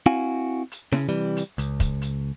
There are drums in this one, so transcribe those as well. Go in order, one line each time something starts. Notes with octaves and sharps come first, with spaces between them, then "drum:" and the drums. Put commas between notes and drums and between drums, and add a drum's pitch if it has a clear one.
C4 E4 F#4 F5 G#5
drum: hi-hat
C#3, drum: snare E4
C3 E3 G3
drum: hi-hat
C#2, drum: hi-hat
drum: kick, hi-hat
drum: hi-hat